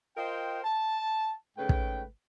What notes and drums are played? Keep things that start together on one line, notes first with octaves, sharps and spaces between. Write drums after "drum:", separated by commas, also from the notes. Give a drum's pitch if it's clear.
F4 A#4 C5 D#5 G5
A5
G#2 C#3 A3 B4 G5
drum: kick